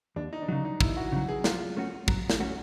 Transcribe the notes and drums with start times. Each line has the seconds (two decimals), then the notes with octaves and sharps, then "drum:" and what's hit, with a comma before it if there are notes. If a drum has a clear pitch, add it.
0.16 D#2 D4
0.33 D#4
0.42 D4
0.48 C#3 F#3 D#4
0.65 D#4
0.80 D#2 E4, drum: kick
0.97 F#4
1.12 C#3 F#3
1.28 G#4
1.44 F#3 F4, drum: snare
1.77 A3 C#4 F#4
2.08 F#3, drum: kick
2.30 drum: snare
2.40 A3 C#4 F#4